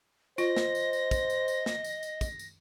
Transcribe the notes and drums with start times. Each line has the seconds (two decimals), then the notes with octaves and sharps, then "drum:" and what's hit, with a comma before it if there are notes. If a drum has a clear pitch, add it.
0.38 F4 C5 D#5 A#6, drum: tambourine
0.57 drum: snare
0.75 drum: tambourine
0.93 drum: tambourine
1.11 drum: kick, tambourine
1.30 drum: tambourine
1.48 drum: tambourine
1.66 drum: snare
1.85 drum: tambourine
2.03 drum: tambourine
2.21 drum: kick, tambourine
2.39 drum: tambourine